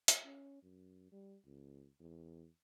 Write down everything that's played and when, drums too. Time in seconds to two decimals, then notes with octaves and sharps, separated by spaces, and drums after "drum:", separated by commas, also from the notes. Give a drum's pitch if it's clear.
0.08 drum: hi-hat
0.25 C#4
0.62 F#2
1.12 G3
1.45 C#2
2.00 E2